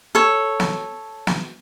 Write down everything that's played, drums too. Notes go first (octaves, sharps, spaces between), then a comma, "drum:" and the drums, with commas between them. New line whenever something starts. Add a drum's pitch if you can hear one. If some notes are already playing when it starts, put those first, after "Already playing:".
A4 C#5
drum: snare
drum: snare